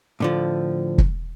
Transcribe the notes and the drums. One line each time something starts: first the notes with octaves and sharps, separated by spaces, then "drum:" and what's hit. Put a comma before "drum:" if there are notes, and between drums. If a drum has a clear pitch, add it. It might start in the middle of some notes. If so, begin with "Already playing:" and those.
A2 D3 F3
drum: kick